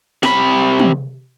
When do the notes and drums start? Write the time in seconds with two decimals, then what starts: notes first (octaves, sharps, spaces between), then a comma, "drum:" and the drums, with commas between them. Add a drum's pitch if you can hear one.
0.23 C3 B5, drum: snare
0.79 drum: tom